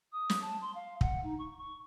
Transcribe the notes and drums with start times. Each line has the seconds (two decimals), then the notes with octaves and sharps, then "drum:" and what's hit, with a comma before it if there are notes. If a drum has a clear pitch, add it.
0.12 D#6
0.30 drum: snare
0.41 A5
0.61 C6
0.75 F5
1.01 F#5, drum: kick
1.23 D#4
1.39 C#6
1.58 C#6